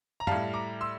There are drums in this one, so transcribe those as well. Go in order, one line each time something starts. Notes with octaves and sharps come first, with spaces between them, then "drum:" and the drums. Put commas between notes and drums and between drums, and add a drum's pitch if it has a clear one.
A#5
A2 G3 F5 A5, drum: tom F#2
A#5 D6
C6 E6